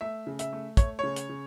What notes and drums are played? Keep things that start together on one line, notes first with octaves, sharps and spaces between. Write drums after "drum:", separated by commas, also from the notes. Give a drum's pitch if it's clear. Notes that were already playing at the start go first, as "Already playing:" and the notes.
A3 E5
C#3
E5, drum: hi-hat
A3
A3 C#5, drum: kick, hi-hat
C#3 C#5
drum: hi-hat
C#3